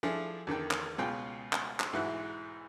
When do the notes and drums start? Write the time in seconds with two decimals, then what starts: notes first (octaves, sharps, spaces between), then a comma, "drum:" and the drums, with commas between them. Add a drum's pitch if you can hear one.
0.03 F3 D4 E4 G#4 A4
0.47 E2 D3 D#3 G5
0.71 drum: clap
0.98 C#2 B2 F4 G#4 G5
1.53 drum: clap
1.80 drum: clap
1.93 B1 G#2 E3 E4 F#4 F#6